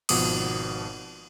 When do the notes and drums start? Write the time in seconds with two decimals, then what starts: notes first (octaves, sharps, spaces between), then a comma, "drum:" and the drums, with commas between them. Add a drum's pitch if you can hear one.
0.09 G#1 B2 F3 B3 D6 D#6, drum: cymbal